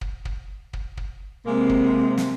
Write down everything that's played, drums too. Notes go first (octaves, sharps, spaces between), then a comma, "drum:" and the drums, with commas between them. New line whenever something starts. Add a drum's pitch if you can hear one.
drum: kick
drum: kick
drum: kick
drum: kick
C3 G#3 A#3
drum: kick
drum: snare